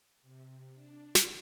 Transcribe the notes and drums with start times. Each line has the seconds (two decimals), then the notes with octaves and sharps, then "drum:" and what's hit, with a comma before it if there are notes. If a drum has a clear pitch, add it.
0.22 C3
0.75 D4
1.15 drum: snare